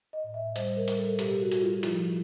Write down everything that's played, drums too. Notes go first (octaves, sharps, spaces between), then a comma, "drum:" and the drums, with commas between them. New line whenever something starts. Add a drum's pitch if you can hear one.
D#5
A2
E5
G3 C5, drum: hi-hat
A#4
G3, drum: hi-hat
A4
B2 G4, drum: hi-hat
F#4
G3, drum: hi-hat
F4
F3 E4, drum: hi-hat